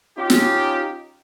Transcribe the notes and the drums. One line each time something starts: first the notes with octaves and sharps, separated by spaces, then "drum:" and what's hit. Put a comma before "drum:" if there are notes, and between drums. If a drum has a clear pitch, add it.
C#4 D#4 F4 G4
drum: snare